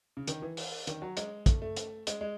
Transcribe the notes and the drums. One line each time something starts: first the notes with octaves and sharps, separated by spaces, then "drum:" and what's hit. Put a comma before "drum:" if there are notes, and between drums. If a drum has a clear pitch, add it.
C#3
D#3, drum: hi-hat
E3
drum: open hi-hat
D#3, drum: hi-hat
F#3
G#3, drum: hi-hat
A3, drum: kick, hi-hat
A3
drum: hi-hat
G#3, drum: hi-hat
G#3